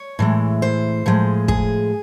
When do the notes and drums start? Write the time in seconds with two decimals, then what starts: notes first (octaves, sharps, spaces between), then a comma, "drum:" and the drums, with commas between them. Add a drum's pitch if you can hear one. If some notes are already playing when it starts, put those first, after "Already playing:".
Already playing: C#5
0.19 A2 E3 G#3
0.62 C5
1.06 A2 F3 G#3
1.48 G#4, drum: kick